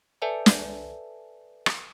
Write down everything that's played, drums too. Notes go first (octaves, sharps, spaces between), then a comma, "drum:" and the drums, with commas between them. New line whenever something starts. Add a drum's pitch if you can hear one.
A4 B4 D5 E5 G#5 A5
drum: snare
drum: rim click